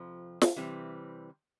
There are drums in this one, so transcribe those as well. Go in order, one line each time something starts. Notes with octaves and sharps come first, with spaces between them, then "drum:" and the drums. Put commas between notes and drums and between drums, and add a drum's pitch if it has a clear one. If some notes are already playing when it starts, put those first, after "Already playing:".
Already playing: F2 C3 F3
drum: snare
C3 E3 G3 C4